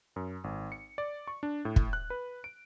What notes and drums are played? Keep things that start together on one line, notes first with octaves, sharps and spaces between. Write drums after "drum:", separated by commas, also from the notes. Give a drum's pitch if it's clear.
F#2
G#1
C#7
D5
C#6
D4
A2
drum: kick
F#6
B4
D7